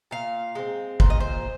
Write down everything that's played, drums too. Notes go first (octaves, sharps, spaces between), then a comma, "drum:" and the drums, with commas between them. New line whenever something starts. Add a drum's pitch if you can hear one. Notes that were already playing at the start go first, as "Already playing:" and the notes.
A#2 F5
G#3 C4
A#2 C5, drum: kick
D#5
C5